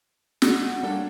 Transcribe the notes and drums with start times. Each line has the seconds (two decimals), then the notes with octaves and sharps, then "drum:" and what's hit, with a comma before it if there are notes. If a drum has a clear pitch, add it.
0.42 G#3 F#4 D5, drum: snare
0.83 F#3 G3 A#3 D4 A4